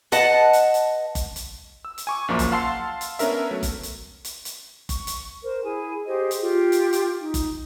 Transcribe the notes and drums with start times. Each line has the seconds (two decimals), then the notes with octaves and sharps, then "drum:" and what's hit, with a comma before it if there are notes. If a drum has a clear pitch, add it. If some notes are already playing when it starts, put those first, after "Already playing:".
0.12 B4 D#5 F#5 A5, drum: hi-hat
0.53 drum: hi-hat
0.74 drum: hi-hat
1.15 drum: kick F#1, hi-hat
1.36 drum: hi-hat
1.85 E6
1.98 drum: hi-hat
2.07 G#5 C#6 D6
2.28 A#1 F#2 F3 A#3 C#6 D6
2.39 drum: kick F#1, hi-hat
2.52 F5 F#5 A5 C6 E6 C7
3.01 drum: hi-hat
3.19 B3 C#4 D4 A#4 E5, drum: hi-hat
3.51 F#3 A3
3.63 drum: kick F#1, hi-hat
3.83 drum: hi-hat
4.25 drum: hi-hat
4.45 drum: hi-hat
4.89 C#6, drum: kick F#1, hi-hat
5.07 drum: hi-hat
5.43 A#4 C5
5.64 E4 G#4 G#5
6.06 G4 G#4 C5 D#5
6.31 drum: hi-hat
6.41 F4 G4
6.72 drum: hi-hat
6.93 drum: hi-hat
7.19 D#4
7.34 drum: kick F#1, hi-hat